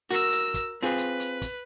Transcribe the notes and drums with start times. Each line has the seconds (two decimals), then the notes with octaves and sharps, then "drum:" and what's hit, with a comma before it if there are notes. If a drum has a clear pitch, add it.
0.10 F#4 A#4 E6, drum: hi-hat
0.32 drum: hi-hat
0.54 drum: kick, hi-hat
0.83 C4 F4 G#4 B4
0.98 drum: hi-hat
1.20 drum: hi-hat
1.42 drum: kick, hi-hat